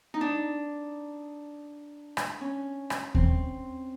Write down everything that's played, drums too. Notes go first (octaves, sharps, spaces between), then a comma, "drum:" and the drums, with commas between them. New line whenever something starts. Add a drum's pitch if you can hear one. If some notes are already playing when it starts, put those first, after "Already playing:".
D#4
D4
drum: rim click
C#4
drum: rim click
C4, drum: kick D#2